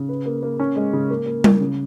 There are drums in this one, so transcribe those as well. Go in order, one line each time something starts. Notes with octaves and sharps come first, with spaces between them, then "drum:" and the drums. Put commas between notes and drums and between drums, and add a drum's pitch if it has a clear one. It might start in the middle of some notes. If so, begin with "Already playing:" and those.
Already playing: C#3
B4
A#3
A#3
C#4
G#3
C#3
A#3
A#3
A#3, drum: tom G3
C#3